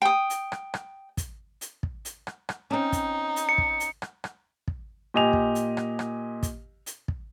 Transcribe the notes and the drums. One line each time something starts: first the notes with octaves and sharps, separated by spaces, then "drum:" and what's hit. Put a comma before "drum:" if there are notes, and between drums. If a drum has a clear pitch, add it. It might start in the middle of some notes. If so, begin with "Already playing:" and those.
G5 D#6
drum: hi-hat
drum: rim click
drum: rim click
drum: kick, hi-hat
drum: hi-hat
drum: kick
drum: hi-hat
drum: rim click
drum: rim click
C4 C#4 D#4
drum: kick, hi-hat
drum: hi-hat
C#7
drum: kick
drum: hi-hat
drum: rim click
drum: rim click
drum: kick
A#2 G4 D#5 G#5 F7
drum: kick
drum: hi-hat
drum: rim click
drum: rim click
drum: kick, hi-hat
drum: hi-hat
drum: kick